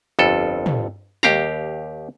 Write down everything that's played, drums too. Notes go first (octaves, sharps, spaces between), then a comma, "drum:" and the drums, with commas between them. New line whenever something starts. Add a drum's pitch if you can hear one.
G1 F2 A4
drum: tom
D#2 G4 F5 A#5, drum: snare